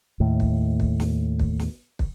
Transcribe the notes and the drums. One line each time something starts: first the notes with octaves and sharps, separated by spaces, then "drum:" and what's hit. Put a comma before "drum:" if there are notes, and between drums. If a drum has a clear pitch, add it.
D#2 A2
drum: kick
drum: kick
drum: snare
drum: kick
drum: snare
drum: kick